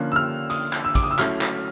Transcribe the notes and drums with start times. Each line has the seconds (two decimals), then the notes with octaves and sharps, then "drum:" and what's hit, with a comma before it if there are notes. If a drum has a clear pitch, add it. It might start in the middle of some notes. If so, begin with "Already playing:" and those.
Already playing: D3 F3 A#3 C#4 F#6
0.12 E6
0.16 F6
0.50 D#6, drum: hi-hat
0.73 drum: clap
0.85 E6
0.95 D6, drum: kick, hi-hat
1.03 D#6
1.11 E6
1.19 F#3 A3 C#4 E4 F6, drum: clap
1.41 drum: clap